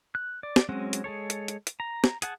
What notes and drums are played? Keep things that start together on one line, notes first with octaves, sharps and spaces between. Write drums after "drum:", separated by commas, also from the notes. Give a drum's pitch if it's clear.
F#6
D5
drum: snare
F#3 G#3 C4 C#4 F#4
drum: hi-hat
G#3 G#4 A4 C#5
drum: hi-hat
drum: hi-hat
drum: hi-hat
A#5
drum: snare
G#4 F#5 A5, drum: hi-hat